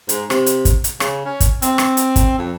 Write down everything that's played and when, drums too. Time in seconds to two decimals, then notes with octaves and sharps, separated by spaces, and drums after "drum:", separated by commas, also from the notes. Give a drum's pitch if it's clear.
0.09 G#2, drum: hi-hat
0.30 C3, drum: rim click
0.46 drum: hi-hat
0.65 drum: kick, hi-hat
0.84 drum: hi-hat
1.00 C#3, drum: rim click
1.25 C#4
1.40 drum: kick, hi-hat
1.62 C4, drum: hi-hat
1.78 drum: rim click
1.97 drum: hi-hat
2.16 drum: kick, hi-hat
2.39 F2